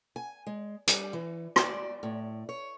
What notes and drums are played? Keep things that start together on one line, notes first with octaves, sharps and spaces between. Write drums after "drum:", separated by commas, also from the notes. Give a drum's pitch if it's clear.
G#5
G#3
G3, drum: hi-hat
E3
D5, drum: rim click
A2
C#5